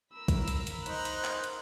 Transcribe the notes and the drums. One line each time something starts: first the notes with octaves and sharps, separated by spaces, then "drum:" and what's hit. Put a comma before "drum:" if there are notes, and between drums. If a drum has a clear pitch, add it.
A#4 B5 E6
drum: kick, hi-hat
drum: hi-hat
drum: hi-hat
D#4 C5 F#6, drum: hi-hat
drum: hi-hat
drum: clap
drum: hi-hat